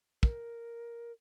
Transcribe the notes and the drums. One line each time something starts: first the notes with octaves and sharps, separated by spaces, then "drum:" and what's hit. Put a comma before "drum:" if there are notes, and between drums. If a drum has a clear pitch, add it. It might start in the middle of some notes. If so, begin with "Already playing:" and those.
A#4, drum: kick